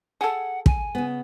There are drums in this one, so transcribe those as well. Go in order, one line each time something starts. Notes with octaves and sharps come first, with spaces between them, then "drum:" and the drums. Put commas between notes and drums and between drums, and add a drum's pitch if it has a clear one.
G#4 A4 F#5
G#5, drum: kick
C#3 B3